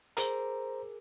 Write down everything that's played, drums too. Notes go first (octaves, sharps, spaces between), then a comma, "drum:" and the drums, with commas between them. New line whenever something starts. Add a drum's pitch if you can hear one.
G#4 A#4 C5 A#5, drum: hi-hat